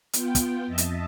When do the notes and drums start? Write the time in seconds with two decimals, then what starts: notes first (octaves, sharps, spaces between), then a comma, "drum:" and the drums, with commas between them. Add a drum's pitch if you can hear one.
0.13 B3 F4 G5, drum: hi-hat
0.35 drum: kick, hi-hat
0.67 F2 D#5 E5 A5
0.78 drum: hi-hat